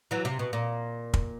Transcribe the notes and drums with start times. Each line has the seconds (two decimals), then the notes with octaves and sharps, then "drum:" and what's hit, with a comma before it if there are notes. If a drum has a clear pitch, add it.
0.11 E3 F#3
0.25 C3
0.39 B2
0.53 A#2
1.14 drum: kick